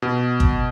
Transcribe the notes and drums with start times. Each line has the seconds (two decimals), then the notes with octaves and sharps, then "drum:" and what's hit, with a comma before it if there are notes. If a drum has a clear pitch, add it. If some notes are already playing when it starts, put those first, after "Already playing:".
0.02 B2
0.40 drum: kick